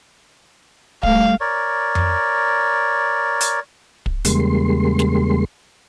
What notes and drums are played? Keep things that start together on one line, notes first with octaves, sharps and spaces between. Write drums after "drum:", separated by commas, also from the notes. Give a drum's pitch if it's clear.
G3 A3 F5, drum: kick
A#4 C#5 D5
drum: tom F2
drum: hi-hat
drum: kick
E2 C#3 G3 G#3 A#3 C6, drum: hi-hat
drum: snare